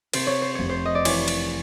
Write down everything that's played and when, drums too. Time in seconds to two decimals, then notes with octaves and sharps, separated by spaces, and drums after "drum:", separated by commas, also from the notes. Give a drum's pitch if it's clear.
0.13 C3 C5, drum: cymbal
0.27 C#5
0.42 C5
0.55 F1 C#5
0.69 C5
0.85 D#5
0.95 D5
1.05 E3 C#5, drum: cymbal
1.28 drum: cymbal